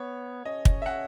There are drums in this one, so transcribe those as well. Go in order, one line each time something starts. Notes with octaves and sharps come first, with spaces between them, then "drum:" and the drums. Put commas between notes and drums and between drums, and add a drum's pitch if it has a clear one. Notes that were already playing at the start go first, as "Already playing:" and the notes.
Already playing: B3 C#5
C#4 D#5
drum: kick
E5
F#5